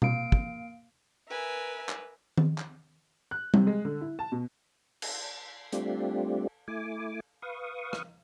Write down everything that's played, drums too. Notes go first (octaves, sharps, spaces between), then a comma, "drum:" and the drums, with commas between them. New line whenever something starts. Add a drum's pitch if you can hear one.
A#3 F5 D7, drum: tom B2
drum: kick
A#4 B4 E5 G#5
drum: clap
drum: tom D#3
drum: clap
F#6
C3, drum: tom G3
G#3
D3
E4
A5
B2
drum: cymbal
G3 A3 C4 D4 F4 G4, drum: hi-hat
A3 E4 G#5 D6
B4 F5 C#6 D#6
drum: rim click